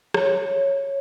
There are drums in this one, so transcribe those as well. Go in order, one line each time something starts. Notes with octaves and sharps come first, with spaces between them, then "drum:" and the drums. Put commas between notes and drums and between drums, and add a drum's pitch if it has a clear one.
C#5, drum: rim click